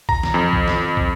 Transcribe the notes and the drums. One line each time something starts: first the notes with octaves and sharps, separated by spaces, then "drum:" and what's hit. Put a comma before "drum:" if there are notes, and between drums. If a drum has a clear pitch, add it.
A#5, drum: kick
drum: snare
F2
drum: kick
drum: snare
drum: kick